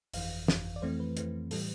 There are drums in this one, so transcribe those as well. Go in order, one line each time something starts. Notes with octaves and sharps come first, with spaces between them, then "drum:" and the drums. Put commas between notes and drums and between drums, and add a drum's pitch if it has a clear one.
G1 F2 E3 F5, drum: open hi-hat
G1 F2 E3, drum: snare
D5
F2 E3 A3 C4 C5
B4
F2 E3 A3 C4, drum: hi-hat
A2 E3 G3 A4, drum: open hi-hat